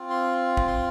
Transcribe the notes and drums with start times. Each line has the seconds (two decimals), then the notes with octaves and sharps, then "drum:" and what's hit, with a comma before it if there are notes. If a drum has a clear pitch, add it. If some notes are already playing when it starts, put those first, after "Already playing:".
Already playing: C4 F4
0.10 C6
0.57 drum: kick
0.67 C6